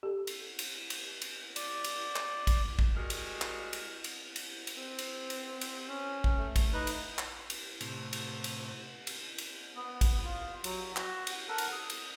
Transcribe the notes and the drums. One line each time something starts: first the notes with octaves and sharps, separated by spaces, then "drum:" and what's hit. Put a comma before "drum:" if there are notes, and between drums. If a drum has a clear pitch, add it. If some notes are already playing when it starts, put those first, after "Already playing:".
G4 A4
drum: cymbal
drum: cymbal
drum: cymbal
drum: cymbal
D5, drum: cymbal
drum: cymbal
drum: clap
drum: kick, cymbal
drum: kick
G3 G#3 F#4 A#4
drum: cymbal
drum: clap
drum: cymbal
drum: cymbal
drum: cymbal
drum: cymbal
C4
drum: cymbal
drum: cymbal
drum: cymbal
C#4
drum: kick
A3
drum: kick, cymbal
D#4 B4 F#6
drum: cymbal
drum: clap
drum: cymbal
A2 C3, drum: cymbal
drum: cymbal
drum: cymbal
drum: cymbal
drum: cymbal
B3
drum: kick, cymbal
F4
F#3, drum: cymbal
F#4, drum: clap
drum: cymbal
A4 A#4 F#5
drum: cymbal
D#6
drum: cymbal